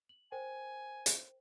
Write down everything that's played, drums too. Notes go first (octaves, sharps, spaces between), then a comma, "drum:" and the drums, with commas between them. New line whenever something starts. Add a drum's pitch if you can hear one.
F#7
A#4 C5 G5 G#5
drum: hi-hat